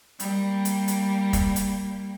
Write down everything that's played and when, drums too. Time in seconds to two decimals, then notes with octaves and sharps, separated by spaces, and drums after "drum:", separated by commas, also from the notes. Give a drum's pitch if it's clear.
0.20 G3 A#3, drum: hi-hat
0.65 drum: hi-hat
0.88 drum: hi-hat
1.33 drum: kick, hi-hat
1.56 drum: hi-hat